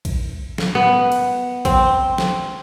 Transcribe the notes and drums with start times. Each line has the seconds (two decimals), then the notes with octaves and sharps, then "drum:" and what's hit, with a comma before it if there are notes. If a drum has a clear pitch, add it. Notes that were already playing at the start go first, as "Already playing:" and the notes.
0.05 drum: kick A#1, cymbal
0.58 drum: snare
0.75 B3
1.12 drum: cymbal
1.65 C4, drum: kick A#1, cymbal
2.18 drum: snare